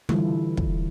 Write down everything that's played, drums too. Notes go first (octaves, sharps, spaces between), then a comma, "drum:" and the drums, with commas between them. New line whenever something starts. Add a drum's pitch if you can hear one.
D3 E3 G3 E4 F4 A4, drum: tom
drum: kick